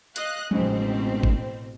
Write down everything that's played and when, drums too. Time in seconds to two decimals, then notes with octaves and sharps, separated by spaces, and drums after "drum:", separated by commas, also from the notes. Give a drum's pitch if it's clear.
0.16 D#5 F5 F#6, drum: hi-hat
0.51 A1 B2 G#3 C4 C#4 D#4, drum: tom F3
1.23 drum: kick G1